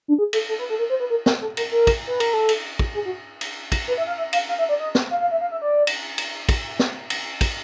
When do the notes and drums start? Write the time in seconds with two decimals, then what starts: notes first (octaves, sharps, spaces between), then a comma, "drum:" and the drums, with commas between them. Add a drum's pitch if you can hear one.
0.08 D4
0.19 G#4
0.33 A4, drum: cymbal
0.49 A4
0.59 B4
0.70 A4
0.79 A#4
0.90 C5
1.00 B4
1.10 A#4
1.26 A#4, drum: snare
1.41 A4
1.57 A#4, drum: cymbal
1.72 A#4
1.87 drum: kick, cymbal
2.07 B4
2.20 A#4, drum: cymbal
2.33 A4
2.49 drum: cymbal
2.79 drum: kick
2.94 G#4
3.06 F#4
3.41 drum: cymbal
3.72 drum: kick, cymbal
3.88 B4
3.98 E5
4.07 F5
4.18 E5
4.33 F5, drum: cymbal
4.49 F5
4.59 E5
4.69 D5
4.80 D#5
4.95 drum: snare
5.11 F5
5.21 F5
5.31 E5
5.41 F5
5.51 E5
5.62 D5
5.87 drum: cymbal
6.18 drum: cymbal
6.49 drum: kick, cymbal
6.79 drum: snare
7.10 drum: cymbal
7.41 drum: kick, cymbal